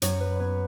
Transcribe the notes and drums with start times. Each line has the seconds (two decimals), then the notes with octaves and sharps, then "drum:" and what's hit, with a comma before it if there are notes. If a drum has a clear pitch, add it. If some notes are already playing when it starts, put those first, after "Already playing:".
0.02 F#2 C#5, drum: hi-hat
0.20 B4
0.39 B3 C#5